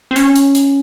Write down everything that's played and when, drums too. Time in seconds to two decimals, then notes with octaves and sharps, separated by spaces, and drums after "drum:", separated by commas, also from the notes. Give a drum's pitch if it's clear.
0.11 C4
0.16 C#4, drum: hi-hat
0.36 drum: hi-hat
0.55 drum: hi-hat